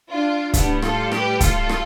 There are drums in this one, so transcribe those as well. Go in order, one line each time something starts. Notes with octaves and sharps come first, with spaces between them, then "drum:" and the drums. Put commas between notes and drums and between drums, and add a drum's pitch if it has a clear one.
D4 F4
A2 G3 B3 D4, drum: kick C#1, hi-hat
F4 A4, drum: rim click
G4 B4, drum: rim click
F4 A4, drum: kick C#1, hi-hat
drum: rim click